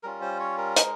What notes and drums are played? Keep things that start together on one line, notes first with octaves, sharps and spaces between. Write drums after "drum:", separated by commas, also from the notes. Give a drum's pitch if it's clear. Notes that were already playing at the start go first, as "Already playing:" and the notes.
G3 C#4 F4 A#4
C5
C#5
A#4
G#3 D#4, drum: hi-hat